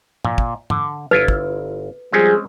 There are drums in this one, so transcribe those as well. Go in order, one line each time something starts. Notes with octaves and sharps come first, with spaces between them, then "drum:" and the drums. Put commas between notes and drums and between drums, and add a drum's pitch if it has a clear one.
A#2, drum: tom G#2
drum: kick
D3, drum: tom G#2
G1 E4 F4 B4
drum: kick
F3 G3 G#3 C4 C#4 G#4